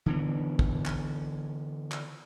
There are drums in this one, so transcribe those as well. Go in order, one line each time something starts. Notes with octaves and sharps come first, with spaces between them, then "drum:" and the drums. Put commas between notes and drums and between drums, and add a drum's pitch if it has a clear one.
D3 E3 B3
drum: kick
drum: clap
drum: clap